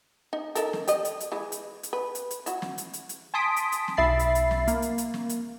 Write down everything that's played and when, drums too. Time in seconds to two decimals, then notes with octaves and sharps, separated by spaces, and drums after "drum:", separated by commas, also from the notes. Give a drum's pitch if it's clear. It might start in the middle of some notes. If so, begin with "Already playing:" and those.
0.33 D#4
0.55 D#4 A4 A#4, drum: hi-hat
0.73 drum: snare
0.88 G4 D#5, drum: hi-hat
1.05 drum: hi-hat
1.20 drum: hi-hat
1.32 E3 G#3
1.52 drum: hi-hat
1.83 drum: hi-hat
1.93 B4
2.15 drum: hi-hat
2.31 drum: hi-hat
2.46 E4 F#4, drum: hi-hat
2.62 drum: snare
2.78 drum: hi-hat
2.93 drum: hi-hat
3.09 drum: hi-hat
3.34 G#5 A5 C6 D#6 B6 D7
3.56 drum: hi-hat
3.72 drum: hi-hat
3.88 drum: snare
3.97 B1 E5 B5 A6 C7
4.19 drum: hi-hat
4.35 drum: hi-hat
4.51 drum: snare
4.68 A#3, drum: hi-hat
4.82 drum: hi-hat
4.98 drum: hi-hat
5.14 drum: snare
5.29 drum: hi-hat